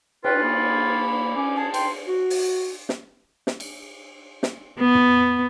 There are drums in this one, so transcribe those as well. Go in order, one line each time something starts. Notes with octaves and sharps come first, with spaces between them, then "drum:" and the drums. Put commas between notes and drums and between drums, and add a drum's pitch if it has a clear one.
F4 B4 G5, drum: cymbal
A#3 B5
C#4 D6
G#4 A5
G5 C6, drum: cymbal
F#4
drum: open hi-hat
drum: snare
drum: snare
drum: cymbal
drum: snare
B3
drum: tom